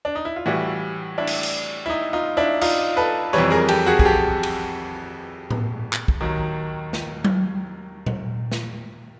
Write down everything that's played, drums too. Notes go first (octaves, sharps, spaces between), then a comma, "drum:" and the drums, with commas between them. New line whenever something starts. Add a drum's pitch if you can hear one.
D4
D#4
E4
F4
A2 E3 G3 E4 F#4
D4 E4
drum: cymbal
drum: cymbal
E4
D#4
D#4 F4
D4 E4
D#4 F4, drum: cymbal
A4 B4
F2 C3 E3 G3 B4 C#5
G#4 A#4
G4 A4, drum: cymbal
F#4 G#4
G#4, drum: kick
G4 A4
drum: cymbal
drum: tom A2
drum: clap
drum: kick
D#2 D#3 F#3
drum: snare
drum: tom F#3
drum: tom A#2
drum: snare